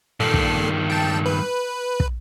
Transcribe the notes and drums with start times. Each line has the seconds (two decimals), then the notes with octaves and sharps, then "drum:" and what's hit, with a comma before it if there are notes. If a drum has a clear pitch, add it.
0.20 G2 A#2 D#3 A4 C7
0.34 drum: kick
0.90 G5 A5
1.26 B4
2.00 drum: kick